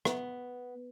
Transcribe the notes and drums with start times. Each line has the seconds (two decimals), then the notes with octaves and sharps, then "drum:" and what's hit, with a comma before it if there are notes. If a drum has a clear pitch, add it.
0.05 B3, drum: rim click